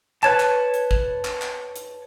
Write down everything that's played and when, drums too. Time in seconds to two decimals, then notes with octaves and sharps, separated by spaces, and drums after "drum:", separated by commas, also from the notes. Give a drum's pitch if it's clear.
0.23 B4 C#5 A5, drum: clap
0.40 drum: clap
0.74 drum: hi-hat
0.91 drum: kick
1.25 drum: clap
1.42 drum: clap
1.76 drum: hi-hat